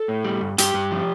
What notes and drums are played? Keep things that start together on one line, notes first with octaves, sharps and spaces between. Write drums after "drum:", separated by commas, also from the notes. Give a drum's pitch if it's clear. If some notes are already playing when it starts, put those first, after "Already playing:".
Already playing: A4
A2
G3
G2
G2 G4, drum: hi-hat
G2
F3